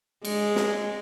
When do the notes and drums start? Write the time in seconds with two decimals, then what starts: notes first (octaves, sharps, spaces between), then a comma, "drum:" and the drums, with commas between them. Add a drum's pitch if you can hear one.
0.25 G#3, drum: cymbal
0.56 drum: snare